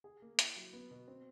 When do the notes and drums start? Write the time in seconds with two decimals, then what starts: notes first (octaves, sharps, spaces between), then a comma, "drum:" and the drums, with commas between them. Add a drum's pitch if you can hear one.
0.04 G#4
0.22 A#3
0.39 E4, drum: hi-hat
0.56 F#3
0.73 B3
0.91 B2
1.08 C4